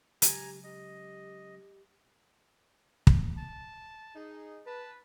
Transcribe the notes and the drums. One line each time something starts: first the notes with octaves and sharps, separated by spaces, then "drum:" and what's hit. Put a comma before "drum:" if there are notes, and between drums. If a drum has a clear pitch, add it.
C#3 F#3 G#3 G4 G#5 A#5, drum: hi-hat
G4 D#5
drum: kick
A5
D#4 G#4
B4 A5